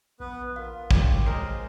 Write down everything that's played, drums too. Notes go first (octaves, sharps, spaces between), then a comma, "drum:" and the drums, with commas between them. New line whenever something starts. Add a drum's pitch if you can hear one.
A#1 B3 B4
F4 A#4 F5
A#2 C#5 G5 D6, drum: kick
A#1 G#3 A#4 C5 D#6